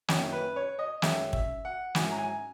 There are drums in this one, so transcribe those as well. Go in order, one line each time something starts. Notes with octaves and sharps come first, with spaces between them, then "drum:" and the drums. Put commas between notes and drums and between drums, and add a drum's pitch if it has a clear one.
F#2 D#3 A#3 C#4 E4, drum: snare
B4
C#5
D#5
F#2 D#3 G#3 C#4 E5, drum: snare
E5, drum: kick
F#5
G#2 F#3 C#4 E4 G#5, drum: snare
A#5
G#5